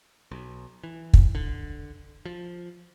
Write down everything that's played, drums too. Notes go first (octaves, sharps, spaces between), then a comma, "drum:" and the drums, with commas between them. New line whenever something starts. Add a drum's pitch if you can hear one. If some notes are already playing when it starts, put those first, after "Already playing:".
B1
E3
drum: kick
D3
F3